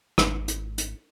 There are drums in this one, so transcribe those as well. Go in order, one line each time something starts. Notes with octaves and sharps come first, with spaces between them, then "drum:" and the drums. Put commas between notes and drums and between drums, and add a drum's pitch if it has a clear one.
G#1, drum: rim click
drum: hi-hat
drum: hi-hat